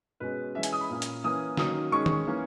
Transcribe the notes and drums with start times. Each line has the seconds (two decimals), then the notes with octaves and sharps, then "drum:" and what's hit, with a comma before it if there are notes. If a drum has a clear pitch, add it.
0.20 B2 G#3 C#4 B4
0.55 E3 G#3 C#4 E5
0.63 G#5, drum: hi-hat
0.72 D#6
0.81 B5
0.90 A#2 A#3 C#4
1.02 drum: hi-hat
1.24 E3 A#3 C#4 D#6
1.57 D#3 F#3 A#3 C#4 D#6, drum: snare D3
1.92 D#3 G#3 C#4 C#6
2.06 drum: tom
2.27 E3 A#3 C#4